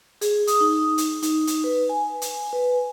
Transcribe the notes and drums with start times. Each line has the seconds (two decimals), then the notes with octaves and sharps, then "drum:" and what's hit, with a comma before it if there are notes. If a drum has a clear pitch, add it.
0.21 G#4, drum: hi-hat
0.47 D#6, drum: hi-hat
0.61 D#4
0.98 drum: hi-hat
1.22 D#4, drum: hi-hat
1.47 drum: hi-hat
1.64 B4
1.89 G#5
2.22 drum: hi-hat
2.53 B4